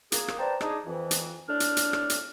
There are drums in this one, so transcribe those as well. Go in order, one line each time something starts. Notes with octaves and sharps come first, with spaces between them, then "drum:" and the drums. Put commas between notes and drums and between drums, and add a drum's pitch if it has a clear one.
A#3 G#4, drum: hi-hat
drum: rim click
B4 C5 D5 G5 A5 A#5
D4 D#4 G#4, drum: rim click
F2 E3
drum: hi-hat
A2 D4 F6
drum: hi-hat
drum: hi-hat
drum: rim click
drum: hi-hat